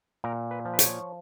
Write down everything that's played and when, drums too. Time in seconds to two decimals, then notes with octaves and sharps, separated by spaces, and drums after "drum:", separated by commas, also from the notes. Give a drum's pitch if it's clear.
0.24 A#2 A#4
0.51 B4
0.65 F3
0.74 B4
0.79 C#5, drum: hi-hat